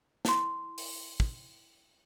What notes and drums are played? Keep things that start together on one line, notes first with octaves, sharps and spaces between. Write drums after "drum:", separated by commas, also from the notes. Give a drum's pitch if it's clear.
E4 C6, drum: snare
drum: open hi-hat
drum: kick